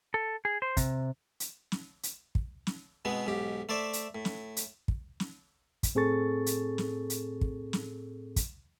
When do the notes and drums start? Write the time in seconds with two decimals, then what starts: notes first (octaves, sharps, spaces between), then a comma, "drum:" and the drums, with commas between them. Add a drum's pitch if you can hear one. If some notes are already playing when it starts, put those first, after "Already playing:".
0.14 A4
0.45 G#4
0.62 C5
0.77 C3, drum: kick, hi-hat
1.40 drum: hi-hat
1.72 drum: snare
2.03 drum: hi-hat
2.35 drum: kick
2.67 drum: snare
3.05 B2 G#3 B3 C4
3.27 B1 G#2 G4
3.69 A3 C5 D5 E5
3.93 drum: hi-hat
4.15 A2
4.25 drum: snare
4.57 drum: hi-hat
4.88 drum: kick
5.20 drum: snare
5.83 drum: kick, hi-hat
5.95 A2 C4 G#4 A4 C#6 A6
6.46 drum: hi-hat
6.78 drum: snare
7.10 drum: hi-hat
7.41 drum: kick
7.73 drum: snare
8.36 drum: kick, hi-hat